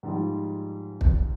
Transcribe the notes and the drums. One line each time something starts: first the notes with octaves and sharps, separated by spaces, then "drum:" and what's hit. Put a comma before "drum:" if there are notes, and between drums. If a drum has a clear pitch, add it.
G#2 F3 G3
drum: kick